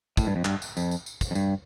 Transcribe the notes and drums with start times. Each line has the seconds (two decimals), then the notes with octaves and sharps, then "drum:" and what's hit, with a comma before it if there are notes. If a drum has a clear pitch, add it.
0.17 A2, drum: kick, tambourine
0.27 G2
0.36 F2
0.45 G2, drum: clap
0.62 drum: tambourine
0.77 F2, drum: tambourine
0.91 drum: tambourine
1.06 drum: tambourine
1.21 drum: kick, tambourine
1.31 F2
1.35 G2, drum: tambourine